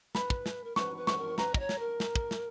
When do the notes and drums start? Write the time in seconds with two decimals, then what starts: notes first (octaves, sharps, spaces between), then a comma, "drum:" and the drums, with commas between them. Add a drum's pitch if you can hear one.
0.15 B4 B5, drum: snare
0.30 drum: kick
0.46 drum: snare
0.64 A#4
0.76 B4 C#6, drum: snare
0.97 B4
1.07 C#6, drum: snare
1.18 A#4
1.38 B4 A#5, drum: snare
1.54 D#5, drum: kick
1.59 C#5
1.69 drum: snare
1.79 A#4
2.00 drum: snare
2.16 drum: kick
2.31 drum: snare